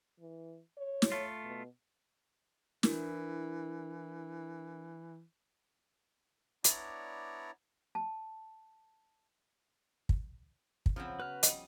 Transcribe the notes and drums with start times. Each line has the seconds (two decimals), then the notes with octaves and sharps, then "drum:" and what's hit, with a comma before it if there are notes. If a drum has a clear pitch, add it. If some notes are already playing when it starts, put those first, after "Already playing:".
0.20 E3
0.77 C#5
1.02 drum: snare
1.12 A3 F4
1.44 B2
2.83 E3 D4 E4 A#4, drum: snare
6.64 B3 D4 E4 C#5 D5 A#5, drum: hi-hat
7.95 A5
10.09 drum: kick
10.86 drum: kick
10.96 C#3 F3 F#3 B3 C4
11.20 F#4 B4 F6
11.43 F3 G3 D#5, drum: hi-hat